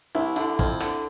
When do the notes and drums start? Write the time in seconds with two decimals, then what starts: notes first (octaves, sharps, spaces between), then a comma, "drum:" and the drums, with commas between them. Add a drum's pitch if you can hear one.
0.15 C2 E4
0.36 D3 E4
0.59 F2, drum: kick
0.80 D3, drum: rim click